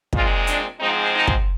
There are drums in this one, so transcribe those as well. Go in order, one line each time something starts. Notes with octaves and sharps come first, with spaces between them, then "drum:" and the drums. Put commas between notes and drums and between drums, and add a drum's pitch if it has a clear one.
A#2 G#3 C4 F4, drum: kick
D4, drum: hi-hat
G#2 F3 G#3 C4 D#4
D#4
drum: kick